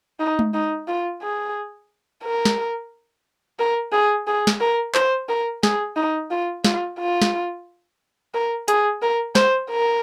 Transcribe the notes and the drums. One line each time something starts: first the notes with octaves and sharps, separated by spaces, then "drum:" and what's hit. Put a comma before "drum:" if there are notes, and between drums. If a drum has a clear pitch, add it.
D#4
drum: tom G#3
D#4
F4
G#4
A#4
drum: snare
A#4
G#4
G#4
drum: snare
A#4
C5, drum: clap
A#4
G#4, drum: snare
D#4
F4
F4, drum: snare
F4
drum: snare
A#4
G#4, drum: hi-hat
A#4
C5, drum: snare
A#4